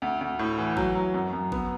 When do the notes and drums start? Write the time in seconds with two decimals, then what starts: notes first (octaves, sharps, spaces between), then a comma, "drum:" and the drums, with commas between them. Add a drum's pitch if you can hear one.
0.02 D2
0.21 D2
0.39 A2
0.58 E3
0.77 F#3, drum: kick G#1
0.95 F#3
1.14 F#2
1.33 F#2
1.52 B3, drum: kick G#1